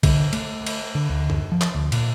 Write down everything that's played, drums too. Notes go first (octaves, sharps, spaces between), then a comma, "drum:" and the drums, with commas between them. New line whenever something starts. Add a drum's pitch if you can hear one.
D3, drum: kick, cymbal
A3, drum: cymbal
drum: cymbal
D3
D2
drum: tom F#2
F3
drum: clap
D2
A#2, drum: cymbal